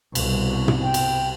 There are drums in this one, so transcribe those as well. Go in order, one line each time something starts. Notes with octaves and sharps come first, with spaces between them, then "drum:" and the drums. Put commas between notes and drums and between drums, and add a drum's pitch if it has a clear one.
C2 B2, drum: cymbal
drum: tom
G5
drum: cymbal